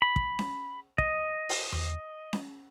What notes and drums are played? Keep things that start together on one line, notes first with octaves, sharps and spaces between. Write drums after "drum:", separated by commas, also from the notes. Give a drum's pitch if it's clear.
B5
drum: kick
drum: snare C#4
D#5, drum: kick
drum: open hi-hat
drum: tom E2
drum: snare C#4